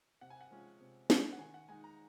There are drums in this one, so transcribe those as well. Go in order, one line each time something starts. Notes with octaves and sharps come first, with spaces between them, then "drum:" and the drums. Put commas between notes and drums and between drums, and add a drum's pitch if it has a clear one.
C3 F#5
G#5
F#5
F3 G#3 C#4
C3
F3 G#3 C#4, drum: snare
F#5
D#3 G#5
F#5
G#3 D#4 G#5
A#5